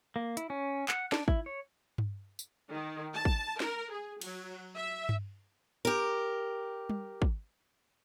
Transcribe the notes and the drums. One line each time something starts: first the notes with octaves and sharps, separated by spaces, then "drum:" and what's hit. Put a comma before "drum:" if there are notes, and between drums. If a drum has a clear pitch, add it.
A#3
E4, drum: hi-hat
C#4
F#5, drum: clap
D4, drum: snare
E4, drum: kick
C#5
drum: tom G2
drum: tambourine
D#3
A5
drum: kick
A#4, drum: snare
G#4
F#3, drum: cymbal
E5
drum: tom G2
G4 A#4
drum: tom G3
drum: kick